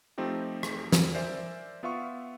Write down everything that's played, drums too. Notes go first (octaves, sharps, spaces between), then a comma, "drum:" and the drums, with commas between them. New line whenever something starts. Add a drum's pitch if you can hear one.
F3 A3 C4 D#4 G4
drum: rim click
drum: snare
A#4 C5 D5 E5 G#5
B3 F4 E5 F5 C#6